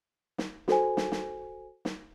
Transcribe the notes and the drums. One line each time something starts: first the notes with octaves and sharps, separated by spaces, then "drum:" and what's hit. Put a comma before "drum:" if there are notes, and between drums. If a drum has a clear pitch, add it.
drum: snare
F#4 A4 C5 G#5, drum: snare
drum: snare
drum: snare
drum: snare